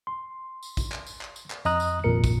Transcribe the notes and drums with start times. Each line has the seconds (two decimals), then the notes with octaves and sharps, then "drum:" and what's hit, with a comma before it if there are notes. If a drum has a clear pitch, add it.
0.07 C6
0.63 drum: tambourine
0.77 drum: kick, tambourine
0.92 drum: clap
1.07 drum: tambourine
1.21 drum: clap
1.36 drum: tambourine
1.50 drum: clap
1.65 F2 D#5 A#5 D#6 F#6, drum: tambourine
1.80 drum: tambourine
2.04 G#1 F2 A#2 A#4 C#7
2.24 drum: kick, tambourine